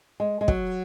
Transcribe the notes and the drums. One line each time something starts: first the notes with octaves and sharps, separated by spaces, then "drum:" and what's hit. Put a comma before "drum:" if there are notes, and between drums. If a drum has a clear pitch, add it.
G#3
G#3
F#3, drum: kick